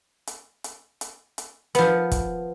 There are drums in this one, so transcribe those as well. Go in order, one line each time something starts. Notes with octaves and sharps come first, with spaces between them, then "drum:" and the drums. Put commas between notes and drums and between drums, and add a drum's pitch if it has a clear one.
drum: hi-hat
drum: hi-hat
drum: hi-hat
drum: hi-hat
F3 B3, drum: hi-hat
drum: kick, hi-hat